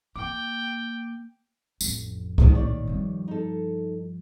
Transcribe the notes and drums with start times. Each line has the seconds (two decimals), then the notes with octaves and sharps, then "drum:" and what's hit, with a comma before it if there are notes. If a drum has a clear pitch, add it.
0.16 A#3 G5 D6
1.81 A1 F2, drum: tambourine
2.38 D#3 F3 G#3, drum: kick C2
2.55 A1 A#2 D#3 C#5 D5
2.87 G2 F3
3.28 D#4 A4